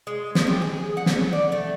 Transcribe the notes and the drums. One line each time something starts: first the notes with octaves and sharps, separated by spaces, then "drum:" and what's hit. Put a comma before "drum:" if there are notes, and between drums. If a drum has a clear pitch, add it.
G#3
F3, drum: snare
G4
G#4
F#5
drum: snare
D5
A3